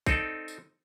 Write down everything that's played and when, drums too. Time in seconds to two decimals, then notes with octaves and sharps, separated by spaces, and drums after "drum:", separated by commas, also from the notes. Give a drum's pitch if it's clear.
0.06 C4 D#4 A4 D5, drum: kick A#1, tambourine
0.48 drum: tambourine